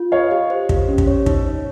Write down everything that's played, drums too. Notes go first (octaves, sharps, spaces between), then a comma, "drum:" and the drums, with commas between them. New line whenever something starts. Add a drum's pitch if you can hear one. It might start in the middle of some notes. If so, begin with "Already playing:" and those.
Already playing: F4
C#5 D#5 F5
G4
C5
G4, drum: kick
C#4
drum: kick
C#5
D#4, drum: kick
C#5